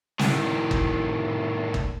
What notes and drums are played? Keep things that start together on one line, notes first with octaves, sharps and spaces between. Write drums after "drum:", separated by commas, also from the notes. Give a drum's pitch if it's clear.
A2 D#3, drum: snare
drum: kick G1
drum: kick G1